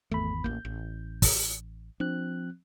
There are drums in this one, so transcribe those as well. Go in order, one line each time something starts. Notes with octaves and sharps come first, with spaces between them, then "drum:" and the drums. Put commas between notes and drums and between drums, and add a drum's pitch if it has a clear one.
G#1 E2 A3 B5
A1 A#3 G6
A1
drum: kick, open hi-hat
F3 C4 D4 F#6